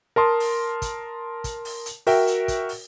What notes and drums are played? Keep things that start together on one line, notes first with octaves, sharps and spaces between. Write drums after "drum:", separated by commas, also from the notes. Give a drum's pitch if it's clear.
A#4 A5 C6 D#6
drum: open hi-hat
drum: kick, hi-hat
drum: kick, hi-hat
drum: open hi-hat
drum: hi-hat
F#4 A#4 E5 G5, drum: open hi-hat
drum: hi-hat
drum: kick, hi-hat
drum: open hi-hat